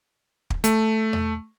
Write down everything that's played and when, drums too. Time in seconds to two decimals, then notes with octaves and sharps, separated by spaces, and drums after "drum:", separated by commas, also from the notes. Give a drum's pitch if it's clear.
0.50 drum: kick
0.64 A3, drum: hi-hat
1.13 drum: tom E2